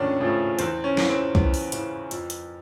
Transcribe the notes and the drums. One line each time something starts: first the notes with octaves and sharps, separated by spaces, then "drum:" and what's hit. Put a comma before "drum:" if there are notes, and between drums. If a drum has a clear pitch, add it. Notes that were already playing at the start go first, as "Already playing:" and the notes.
Already playing: D#2 C#3 F3 A3 C#4 D4
C#3 F3 A3
E2 C4, drum: hi-hat
C#4
C#3 E3, drum: snare
C4
E2 B3, drum: kick B1
drum: open hi-hat
C#3 E3, drum: hi-hat
F2, drum: hi-hat
drum: hi-hat